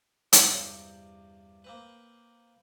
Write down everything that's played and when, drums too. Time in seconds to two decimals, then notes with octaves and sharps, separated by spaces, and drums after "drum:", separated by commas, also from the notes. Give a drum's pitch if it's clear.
0.33 E2 G2 C3 G4 C5, drum: hi-hat
1.64 A#3 C4 B4